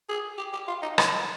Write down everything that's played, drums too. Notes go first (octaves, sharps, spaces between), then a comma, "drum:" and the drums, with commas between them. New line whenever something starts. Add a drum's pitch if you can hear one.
G#4
G4
G4
F4
D#4
D#4, drum: rim click